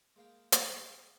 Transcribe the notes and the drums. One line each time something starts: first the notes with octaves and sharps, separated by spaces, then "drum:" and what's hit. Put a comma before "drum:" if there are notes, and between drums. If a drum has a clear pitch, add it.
G#3 A#3 F5 G5
drum: hi-hat